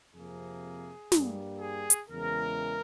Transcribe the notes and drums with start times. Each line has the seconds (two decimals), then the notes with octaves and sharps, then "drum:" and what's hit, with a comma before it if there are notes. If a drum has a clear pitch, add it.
0.14 F2 C3 F3 A#3 G#4
1.12 G2 G3 A#3, drum: snare
1.60 G#4
1.90 drum: hi-hat
2.09 E2 C#3 E3 G#3 A#4